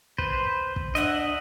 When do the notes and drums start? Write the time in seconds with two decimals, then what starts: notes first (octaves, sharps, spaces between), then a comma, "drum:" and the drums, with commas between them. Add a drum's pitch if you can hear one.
0.18 B4 C5, drum: kick
0.76 drum: kick
0.95 D4 D#5 E5 F#5, drum: hi-hat